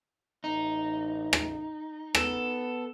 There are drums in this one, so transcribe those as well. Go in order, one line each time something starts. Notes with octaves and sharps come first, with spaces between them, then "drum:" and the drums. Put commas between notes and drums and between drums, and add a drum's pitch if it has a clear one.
A1 D#4
drum: rim click
B3 A4, drum: rim click